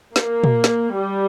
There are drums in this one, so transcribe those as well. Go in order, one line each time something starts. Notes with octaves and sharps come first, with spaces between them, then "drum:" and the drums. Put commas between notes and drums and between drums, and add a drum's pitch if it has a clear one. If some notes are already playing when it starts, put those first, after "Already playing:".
A#3, drum: snare
drum: tom A#2
drum: snare
G3